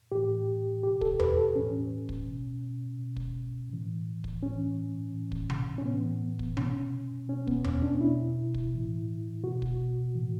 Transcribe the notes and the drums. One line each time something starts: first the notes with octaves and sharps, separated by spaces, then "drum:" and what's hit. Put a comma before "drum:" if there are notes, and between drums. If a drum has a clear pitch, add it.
A2 E3 G4
B2 G4
A4, drum: kick
B4, drum: tom E2
A4
A2 E3 C#4
drum: kick
B2
B2
drum: kick
A2 E3
drum: kick
A2 E3 C#4
A2 E3
drum: kick
drum: tom C3
C#4
A2 E3 B3
drum: kick
B2 C#4, drum: tom C3
B2 C#4
B3, drum: kick
C#4, drum: tom E2
D4
B2 E4
drum: kick
A2 E3
B2 F#4
drum: kick
A2 E3